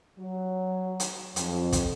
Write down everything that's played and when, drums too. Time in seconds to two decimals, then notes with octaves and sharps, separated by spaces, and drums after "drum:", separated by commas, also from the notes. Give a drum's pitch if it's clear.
0.19 F#3
1.00 drum: hi-hat
1.36 F2, drum: hi-hat
1.72 drum: kick, hi-hat